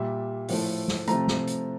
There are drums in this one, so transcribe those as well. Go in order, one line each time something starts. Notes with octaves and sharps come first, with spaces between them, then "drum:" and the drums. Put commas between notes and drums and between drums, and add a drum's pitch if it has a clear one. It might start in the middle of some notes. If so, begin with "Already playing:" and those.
Already playing: A#2 G3 E5
A2 F3 A3, drum: open hi-hat
drum: snare
C3 F3 A3 A#5, drum: hi-hat
drum: snare
drum: hi-hat